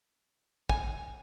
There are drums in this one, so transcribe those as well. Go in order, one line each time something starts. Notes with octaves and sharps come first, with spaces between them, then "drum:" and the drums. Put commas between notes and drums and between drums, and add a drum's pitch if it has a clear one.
G#5, drum: kick